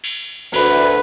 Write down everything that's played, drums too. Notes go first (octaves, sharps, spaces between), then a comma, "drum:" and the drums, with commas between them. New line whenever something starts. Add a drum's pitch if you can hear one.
drum: cymbal
D2 B4, drum: cymbal